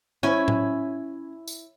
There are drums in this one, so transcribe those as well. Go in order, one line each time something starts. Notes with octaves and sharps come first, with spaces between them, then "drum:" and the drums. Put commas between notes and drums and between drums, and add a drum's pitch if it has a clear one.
C#4 E4 G#5
drum: tom A2
drum: tambourine